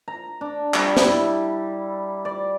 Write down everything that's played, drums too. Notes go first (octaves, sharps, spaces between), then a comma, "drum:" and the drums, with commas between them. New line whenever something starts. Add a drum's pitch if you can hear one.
A#5
D4
G3, drum: clap
E4, drum: snare
D5